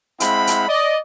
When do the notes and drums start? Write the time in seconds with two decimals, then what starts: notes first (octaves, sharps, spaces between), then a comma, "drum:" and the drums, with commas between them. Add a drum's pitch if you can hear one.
0.20 G#3 C4 E4 F5 F#5 B5, drum: hi-hat
0.47 drum: hi-hat
0.68 D5 D#5